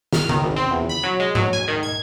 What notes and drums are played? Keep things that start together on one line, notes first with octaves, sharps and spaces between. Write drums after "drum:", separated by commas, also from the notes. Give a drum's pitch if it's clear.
F6, drum: snare
D#3, drum: tom C#3
G#1
C4
E2
B5
F#3
G#3
F#3, drum: tom G#2
G#5
D#3
G#6